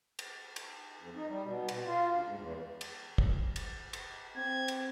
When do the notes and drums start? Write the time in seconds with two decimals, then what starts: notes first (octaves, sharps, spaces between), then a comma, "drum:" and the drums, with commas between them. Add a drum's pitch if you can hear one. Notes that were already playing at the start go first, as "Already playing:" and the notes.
0.19 drum: cymbal
0.56 drum: cymbal
1.01 F2
1.15 D#4
1.28 G3
1.43 B2
1.69 B2, drum: cymbal
1.86 F4
2.11 D2
2.26 G#2
2.39 E2
2.81 drum: cymbal
3.18 drum: kick
3.56 drum: cymbal
3.93 drum: cymbal
4.37 C4 G#6
4.68 drum: cymbal